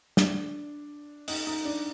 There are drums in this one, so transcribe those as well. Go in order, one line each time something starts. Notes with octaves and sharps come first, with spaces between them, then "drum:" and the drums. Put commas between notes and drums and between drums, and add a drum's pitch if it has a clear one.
D4, drum: snare
D#4, drum: open hi-hat
D#4
D4